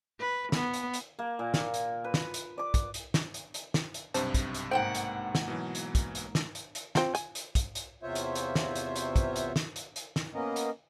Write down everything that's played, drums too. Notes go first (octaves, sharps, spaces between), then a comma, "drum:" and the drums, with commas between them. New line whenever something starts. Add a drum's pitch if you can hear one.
B4
B3, drum: snare
drum: hi-hat
drum: hi-hat
A#3
A#2
drum: snare
drum: hi-hat
B4
drum: snare
drum: hi-hat
D5 D6
drum: kick, hi-hat
drum: hi-hat
drum: snare
drum: hi-hat
drum: hi-hat
drum: snare
drum: hi-hat
B1 G2 C3 C4 C5 A5, drum: hi-hat
drum: kick, hi-hat
drum: hi-hat
G#2 A#3 C5 F#5 G5
drum: hi-hat
drum: snare
B2 E3 F#3
drum: hi-hat
drum: kick, hi-hat
drum: hi-hat
drum: snare
drum: hi-hat
drum: hi-hat
C4 F4, drum: snare
G#5, drum: hi-hat
drum: hi-hat
drum: kick, hi-hat
drum: hi-hat
E2 C3 F4 C5 C#5 E5
drum: hi-hat
drum: hi-hat
drum: snare
drum: hi-hat
drum: hi-hat
drum: kick, hi-hat
drum: hi-hat
drum: snare
drum: hi-hat
drum: hi-hat
drum: snare
A#3 B3 C#4 A#4 D#5
drum: hi-hat